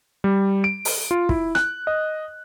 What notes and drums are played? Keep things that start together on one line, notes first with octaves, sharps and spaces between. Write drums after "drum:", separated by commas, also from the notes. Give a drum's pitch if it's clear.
G3
D7
drum: open hi-hat
F4
E4, drum: kick
F#6, drum: rim click
D#5